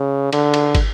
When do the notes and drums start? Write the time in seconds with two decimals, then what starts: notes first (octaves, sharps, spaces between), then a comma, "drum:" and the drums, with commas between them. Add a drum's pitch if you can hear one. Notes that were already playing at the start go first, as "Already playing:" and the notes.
Already playing: C#3
0.33 D3, drum: cymbal
0.54 drum: cymbal
0.75 drum: kick, cymbal